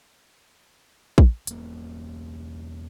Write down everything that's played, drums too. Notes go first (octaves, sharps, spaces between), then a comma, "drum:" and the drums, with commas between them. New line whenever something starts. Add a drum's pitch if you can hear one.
drum: kick
E1 A#3, drum: hi-hat